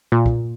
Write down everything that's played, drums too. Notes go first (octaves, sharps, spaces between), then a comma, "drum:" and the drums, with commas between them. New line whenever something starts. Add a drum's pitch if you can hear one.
A#2
drum: kick